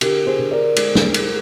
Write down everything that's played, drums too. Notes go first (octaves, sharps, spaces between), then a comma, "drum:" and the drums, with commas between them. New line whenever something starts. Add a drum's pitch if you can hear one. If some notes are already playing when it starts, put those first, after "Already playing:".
D3 G4 A#4, drum: cymbal
G#4 C5
D3
A#4 D5
G#3, drum: cymbal
drum: snare
drum: cymbal